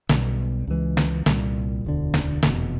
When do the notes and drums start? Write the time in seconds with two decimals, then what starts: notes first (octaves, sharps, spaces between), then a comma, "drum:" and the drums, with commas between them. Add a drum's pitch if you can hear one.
0.09 B1 B2 G3, drum: snare
0.67 C#2 C#3 E3 G#3
0.97 drum: snare
1.26 C2 A#2 G3, drum: snare
1.85 E1 D2 D3
2.14 drum: snare
2.43 F1 E2 B2, drum: snare